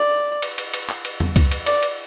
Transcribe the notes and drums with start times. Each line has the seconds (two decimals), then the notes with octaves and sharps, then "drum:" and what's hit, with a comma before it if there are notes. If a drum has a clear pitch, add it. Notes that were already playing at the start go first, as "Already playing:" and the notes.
Already playing: D5
0.42 drum: cymbal
0.58 drum: cymbal
0.74 drum: cymbal
0.89 drum: clap
1.05 drum: cymbal
1.20 drum: tom E2
1.36 drum: kick C#2, cymbal
1.51 drum: cymbal
1.66 D5, drum: cymbal
1.83 drum: cymbal